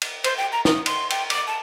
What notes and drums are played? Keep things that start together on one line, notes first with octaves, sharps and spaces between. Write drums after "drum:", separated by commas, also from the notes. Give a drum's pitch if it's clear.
drum: cymbal
C5, drum: cymbal
G5
A#5
D#6, drum: snare
C6, drum: cymbal
G5, drum: cymbal
D6, drum: cymbal
A5